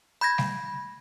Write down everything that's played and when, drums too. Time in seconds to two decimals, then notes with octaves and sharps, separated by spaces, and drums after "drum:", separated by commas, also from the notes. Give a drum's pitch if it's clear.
0.21 B5 G6 G#6 A#6
0.38 drum: snare G3